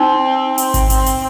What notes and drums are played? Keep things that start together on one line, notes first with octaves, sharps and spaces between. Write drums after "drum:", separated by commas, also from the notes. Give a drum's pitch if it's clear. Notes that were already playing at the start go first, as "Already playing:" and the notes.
Already playing: C4 D#4
C4, drum: hi-hat
drum: kick G#1, hi-hat
C4, drum: hi-hat
drum: hi-hat